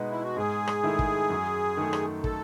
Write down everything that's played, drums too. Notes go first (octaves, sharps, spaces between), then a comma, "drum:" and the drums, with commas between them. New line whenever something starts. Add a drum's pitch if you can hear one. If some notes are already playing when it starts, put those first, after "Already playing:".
Already playing: B2 G#3 B3 D#4
E4
F#4
G#2 G#4
drum: rim click
D#3 A3 E4
drum: kick
F#2
D#3 A3
drum: rim click
A4, drum: kick